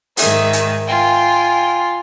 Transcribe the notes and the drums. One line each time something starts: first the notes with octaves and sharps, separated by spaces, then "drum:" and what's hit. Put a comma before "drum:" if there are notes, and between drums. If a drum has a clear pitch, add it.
G#2 D#3 G#4 E5, drum: open hi-hat
drum: hi-hat
F4 G5 G#5